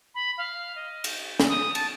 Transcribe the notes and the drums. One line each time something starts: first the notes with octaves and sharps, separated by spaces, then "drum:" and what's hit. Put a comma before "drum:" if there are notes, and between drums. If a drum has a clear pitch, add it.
B5
F5
D#5
drum: cymbal
drum: snare
D#6
A5, drum: cymbal